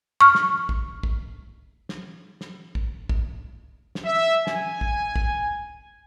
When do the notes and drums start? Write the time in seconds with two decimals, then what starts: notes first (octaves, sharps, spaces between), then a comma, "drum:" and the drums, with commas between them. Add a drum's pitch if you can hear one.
0.21 C#6 F6
0.35 drum: snare
0.69 drum: kick
1.03 drum: kick
1.89 drum: snare
2.41 drum: snare
2.75 drum: kick
3.09 drum: kick
3.95 drum: snare
4.05 E5
4.47 G#5, drum: snare
4.81 drum: kick
5.16 drum: kick